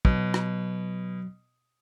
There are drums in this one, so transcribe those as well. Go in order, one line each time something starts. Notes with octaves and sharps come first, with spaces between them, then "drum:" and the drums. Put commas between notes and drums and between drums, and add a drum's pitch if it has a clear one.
B2 F#3, drum: kick
drum: rim click